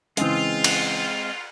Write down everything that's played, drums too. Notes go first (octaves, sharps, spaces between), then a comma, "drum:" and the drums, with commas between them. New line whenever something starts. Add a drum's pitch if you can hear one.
C#3 E3 G#3 C4 F4, drum: hi-hat
drum: cymbal